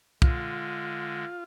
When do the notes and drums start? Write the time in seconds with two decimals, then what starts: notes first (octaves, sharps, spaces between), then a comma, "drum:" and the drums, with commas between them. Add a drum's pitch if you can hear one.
0.22 D3 G#3 F4, drum: kick